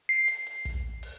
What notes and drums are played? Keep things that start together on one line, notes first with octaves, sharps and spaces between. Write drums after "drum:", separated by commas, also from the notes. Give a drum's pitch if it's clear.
C7
drum: hi-hat
drum: hi-hat
drum: kick, hi-hat
drum: open hi-hat